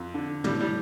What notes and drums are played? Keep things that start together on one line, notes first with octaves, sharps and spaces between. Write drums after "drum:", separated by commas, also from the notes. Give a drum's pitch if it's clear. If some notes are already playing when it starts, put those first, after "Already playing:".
Already playing: F2
D3
A2 G3, drum: tom
G3